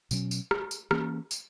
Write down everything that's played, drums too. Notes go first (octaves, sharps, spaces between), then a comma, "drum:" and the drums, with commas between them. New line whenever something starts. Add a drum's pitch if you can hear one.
B2 F#3 C#4, drum: tambourine
drum: tambourine
drum: rim click
drum: tambourine
E3 A#3 C#4, drum: rim click
drum: tambourine